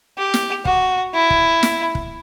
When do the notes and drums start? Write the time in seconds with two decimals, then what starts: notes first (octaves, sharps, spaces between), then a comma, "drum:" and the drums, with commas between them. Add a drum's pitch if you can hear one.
0.18 G4
0.34 drum: snare
0.65 F#4, drum: kick
1.14 E4
1.30 drum: kick
1.63 drum: snare
1.95 drum: kick